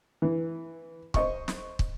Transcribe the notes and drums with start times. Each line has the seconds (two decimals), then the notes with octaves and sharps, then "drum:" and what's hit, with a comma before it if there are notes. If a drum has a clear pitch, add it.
0.22 E3
1.14 C5 D#5 C#6, drum: kick
1.48 drum: snare
1.79 drum: kick